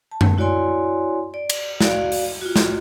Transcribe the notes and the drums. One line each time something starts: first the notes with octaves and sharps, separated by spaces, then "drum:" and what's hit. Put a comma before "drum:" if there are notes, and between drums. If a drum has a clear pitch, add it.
A5
drum: tom F#2
E4 F#4 C#5 D5 G#5 C6
D5
drum: cymbal
F#4 D5 F5, drum: snare
drum: open hi-hat
F4 F#4
drum: snare